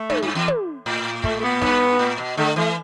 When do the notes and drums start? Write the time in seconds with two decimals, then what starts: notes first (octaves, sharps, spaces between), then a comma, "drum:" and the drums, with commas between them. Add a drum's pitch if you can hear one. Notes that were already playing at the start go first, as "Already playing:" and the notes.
Already playing: A3
0.10 G2, drum: tom
0.23 G2
0.35 E2
0.48 drum: tom
0.86 A2
1.24 A3, drum: kick
1.39 A3
1.43 B3
1.62 G2, drum: snare
1.99 A2
2.18 B2
2.37 D3 A3
2.56 E3 A3